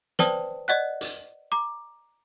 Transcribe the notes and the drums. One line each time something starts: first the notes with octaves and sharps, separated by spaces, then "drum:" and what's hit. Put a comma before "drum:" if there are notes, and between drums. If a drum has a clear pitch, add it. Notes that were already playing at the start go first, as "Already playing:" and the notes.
B4 C5 D5 G5 A5 D#6, drum: snare
D5 D#5 F#5 F#6
drum: hi-hat
A#5 D6